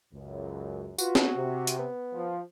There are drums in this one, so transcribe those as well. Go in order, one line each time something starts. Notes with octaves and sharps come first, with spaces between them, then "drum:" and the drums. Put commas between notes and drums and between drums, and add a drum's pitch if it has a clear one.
C#2 F#2
F4 F#4 B4, drum: tambourine
drum: snare
C3
drum: hi-hat
B3
F3